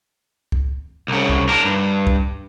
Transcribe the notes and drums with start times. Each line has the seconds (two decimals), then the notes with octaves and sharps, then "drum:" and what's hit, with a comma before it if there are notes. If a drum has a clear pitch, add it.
0.52 drum: kick
1.08 C2 C#3
1.29 drum: kick
1.49 D4 A#4
1.65 G2
2.07 drum: kick